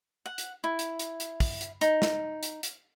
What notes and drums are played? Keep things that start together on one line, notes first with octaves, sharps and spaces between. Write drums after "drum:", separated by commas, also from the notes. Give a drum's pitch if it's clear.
F#5
drum: hi-hat
E4
drum: hi-hat
drum: hi-hat
drum: hi-hat
drum: kick, open hi-hat
drum: hi-hat
D#4, drum: hi-hat
drum: snare
drum: hi-hat
drum: hi-hat